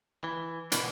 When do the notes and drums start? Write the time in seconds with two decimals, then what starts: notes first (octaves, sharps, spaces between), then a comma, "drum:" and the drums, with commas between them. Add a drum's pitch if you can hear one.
0.24 E3
0.72 B2 D3 E3 A#3 B3 D4, drum: hi-hat